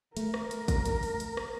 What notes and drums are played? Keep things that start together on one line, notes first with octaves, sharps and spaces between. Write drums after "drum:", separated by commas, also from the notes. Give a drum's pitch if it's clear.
A3 A#4, drum: hi-hat
drum: rim click
drum: hi-hat
drum: kick, hi-hat
drum: hi-hat
drum: open hi-hat
drum: hi-hat
drum: rim click